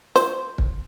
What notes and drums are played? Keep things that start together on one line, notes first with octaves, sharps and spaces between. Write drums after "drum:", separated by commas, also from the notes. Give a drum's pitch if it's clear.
C5, drum: snare
drum: kick